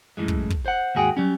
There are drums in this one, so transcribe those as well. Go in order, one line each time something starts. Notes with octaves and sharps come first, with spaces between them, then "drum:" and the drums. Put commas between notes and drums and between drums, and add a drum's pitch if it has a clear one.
F#2 A2 D3 E3 G#3
drum: kick
drum: kick
C5 F#5
D#2 G#2 F#4 G#4 F#5 G5
F#3 G3 C#4